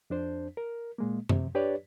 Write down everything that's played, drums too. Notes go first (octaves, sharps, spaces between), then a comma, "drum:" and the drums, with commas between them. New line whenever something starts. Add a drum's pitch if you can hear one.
F2 D4 C5
A#4
A#2 G#3 A#3
C3, drum: tom F#2
D4 G4 B4 C#5 D5